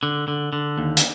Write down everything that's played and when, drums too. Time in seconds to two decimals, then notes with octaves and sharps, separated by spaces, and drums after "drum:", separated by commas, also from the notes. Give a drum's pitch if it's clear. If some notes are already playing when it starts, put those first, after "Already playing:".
0.03 D3
0.28 D3
0.53 D3
0.78 D#2
0.97 drum: hi-hat